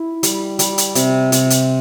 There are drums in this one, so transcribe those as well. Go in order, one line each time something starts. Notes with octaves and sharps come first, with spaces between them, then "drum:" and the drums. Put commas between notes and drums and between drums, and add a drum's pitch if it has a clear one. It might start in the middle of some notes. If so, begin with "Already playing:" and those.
Already playing: E4
G3, drum: hi-hat
G3, drum: hi-hat
drum: hi-hat
C3, drum: hi-hat
C3, drum: hi-hat
drum: hi-hat